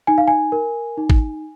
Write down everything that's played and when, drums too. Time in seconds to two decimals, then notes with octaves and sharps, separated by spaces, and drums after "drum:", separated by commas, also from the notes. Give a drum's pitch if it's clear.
0.07 D#4 G#5
0.18 F5
0.28 G#5
0.52 A#4
0.97 D#4
1.10 drum: kick G#1